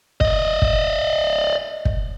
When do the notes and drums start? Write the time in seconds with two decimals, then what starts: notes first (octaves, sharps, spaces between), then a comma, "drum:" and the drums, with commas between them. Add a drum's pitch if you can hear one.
0.21 D5 D#5, drum: kick
0.62 drum: kick
1.85 drum: kick